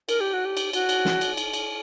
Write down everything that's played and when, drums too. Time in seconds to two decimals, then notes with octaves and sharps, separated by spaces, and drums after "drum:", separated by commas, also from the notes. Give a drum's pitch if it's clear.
0.09 A#4, drum: cymbal
0.20 G4
0.33 F#4
0.45 G4
0.57 drum: cymbal
0.73 F#4, drum: cymbal
0.89 drum: cymbal
1.05 drum: snare
1.21 drum: cymbal
1.37 drum: cymbal
1.53 drum: cymbal